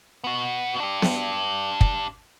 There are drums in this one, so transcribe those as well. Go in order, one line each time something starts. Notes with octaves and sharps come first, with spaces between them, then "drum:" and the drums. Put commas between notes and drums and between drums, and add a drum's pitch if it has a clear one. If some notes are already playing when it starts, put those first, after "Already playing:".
B3 F#4
D4 G4
drum: snare B3
drum: kick